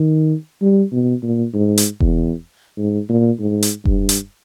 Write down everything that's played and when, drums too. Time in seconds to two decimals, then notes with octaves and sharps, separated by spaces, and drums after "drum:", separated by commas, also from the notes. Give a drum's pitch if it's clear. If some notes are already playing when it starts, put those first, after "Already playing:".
Already playing: D#3
0.62 G3
0.92 B2
1.23 A#2
1.54 G#2
1.78 drum: hi-hat
2.00 E2, drum: kick F1
2.78 G#2
3.09 A#2
3.39 G#2
3.63 drum: hi-hat
3.85 G2, drum: kick F1
4.09 drum: hi-hat